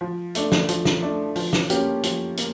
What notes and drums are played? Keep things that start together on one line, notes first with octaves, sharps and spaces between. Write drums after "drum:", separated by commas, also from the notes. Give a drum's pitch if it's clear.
F3
A3 D4, drum: hi-hat
drum: snare
F3, drum: hi-hat
drum: snare
A3 D4
F3, drum: open hi-hat
drum: snare
A#3 C#4 G4, drum: hi-hat
F3, drum: hi-hat
A#3, drum: hi-hat